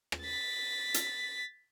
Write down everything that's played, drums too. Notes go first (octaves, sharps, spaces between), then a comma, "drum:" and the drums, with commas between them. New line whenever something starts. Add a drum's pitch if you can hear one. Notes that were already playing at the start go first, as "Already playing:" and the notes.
drum: rim click
A6 B6
drum: hi-hat